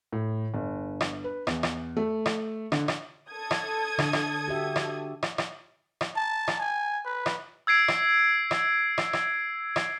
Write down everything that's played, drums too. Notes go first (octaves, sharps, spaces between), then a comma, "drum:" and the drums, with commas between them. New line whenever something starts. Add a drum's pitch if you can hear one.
A2
G1
drum: rim click
B4
E2, drum: rim click
drum: rim click
A3
drum: rim click
D3, drum: rim click
drum: rim click
A4 D#6 G#6
drum: rim click
D3, drum: rim click
drum: rim click
F#4 G4 E5
drum: rim click
drum: rim click
drum: rim click
drum: rim click
A5
drum: rim click
G#5
B4
drum: rim click
E6 G#6 C7 D7
drum: rim click
drum: rim click
drum: rim click
drum: rim click
drum: rim click